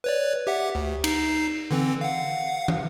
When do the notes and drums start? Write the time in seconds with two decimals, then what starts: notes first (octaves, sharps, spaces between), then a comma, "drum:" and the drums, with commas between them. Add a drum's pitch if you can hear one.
0.04 B4 C#5 D5
0.47 G4 E5 F#5
0.75 D2
1.04 D#4 C7, drum: cymbal
1.71 D3 E3 C4
2.01 F5 F#5
2.68 drum: tom